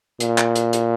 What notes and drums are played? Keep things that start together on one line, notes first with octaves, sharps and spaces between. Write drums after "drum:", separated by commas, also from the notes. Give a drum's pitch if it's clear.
A#2, drum: hi-hat
drum: clap
drum: hi-hat
drum: hi-hat